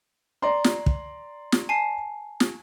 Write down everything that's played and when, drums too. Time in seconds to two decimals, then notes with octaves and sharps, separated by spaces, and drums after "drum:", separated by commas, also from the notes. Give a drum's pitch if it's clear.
0.42 D5 A#5 C6
0.64 drum: snare
0.86 drum: kick
1.52 drum: snare
1.69 G#5 A5 C7
2.40 drum: snare